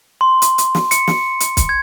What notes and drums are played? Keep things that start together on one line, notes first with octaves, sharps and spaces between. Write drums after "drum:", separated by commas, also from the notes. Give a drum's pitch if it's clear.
C6
drum: hi-hat
drum: hi-hat
drum: snare
C#7, drum: hi-hat
drum: snare
drum: hi-hat
drum: kick, hi-hat
G#6